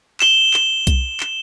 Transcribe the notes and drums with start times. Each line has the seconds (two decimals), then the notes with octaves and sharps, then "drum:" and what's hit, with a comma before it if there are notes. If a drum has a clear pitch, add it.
0.20 E7 G7, drum: clap
0.54 drum: clap
0.87 drum: kick B1, hi-hat
1.20 drum: clap